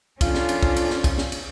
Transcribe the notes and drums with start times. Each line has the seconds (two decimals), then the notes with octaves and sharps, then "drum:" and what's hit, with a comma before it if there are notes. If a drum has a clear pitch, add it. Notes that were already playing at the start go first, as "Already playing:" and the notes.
0.21 F2 C#4 D4 F4, drum: kick, cymbal
0.35 drum: snare
0.49 drum: cymbal
0.63 drum: kick
0.76 drum: cymbal
0.90 drum: snare
1.04 drum: kick, cymbal
1.18 drum: snare
1.32 drum: cymbal